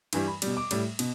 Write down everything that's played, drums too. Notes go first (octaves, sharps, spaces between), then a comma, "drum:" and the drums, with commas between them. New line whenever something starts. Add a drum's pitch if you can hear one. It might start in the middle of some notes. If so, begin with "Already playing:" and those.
G2 E3 G3, drum: cymbal
B5
B2 G3, drum: cymbal
D6
A2 G3, drum: cymbal
B2, drum: cymbal